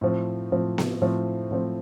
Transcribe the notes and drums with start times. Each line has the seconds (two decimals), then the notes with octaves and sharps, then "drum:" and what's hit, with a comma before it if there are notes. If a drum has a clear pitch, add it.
0.01 A2 F3 C4
0.52 A2 F3 C4
0.78 drum: snare B3
1.01 A2 F3 C4
1.51 A2 F3 C4